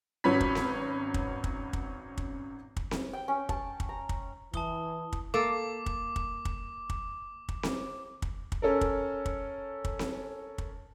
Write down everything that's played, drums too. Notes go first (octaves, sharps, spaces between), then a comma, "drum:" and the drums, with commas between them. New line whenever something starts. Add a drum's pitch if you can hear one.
G#1 F#3 C#4 B4 B5 B6
drum: kick
drum: snare C4
drum: kick
drum: kick
drum: kick
drum: kick
drum: kick
drum: snare C4
G5
C#4
A5, drum: kick
drum: kick
A#5
drum: kick
E3 A5 D#6 G7, drum: kick
drum: kick
A#3 A4 D6
drum: kick
drum: kick
drum: kick
drum: kick
drum: kick
drum: snare C4
drum: kick
drum: kick
C#4 A4 A#4
drum: kick
drum: kick
drum: kick
drum: snare C4
drum: kick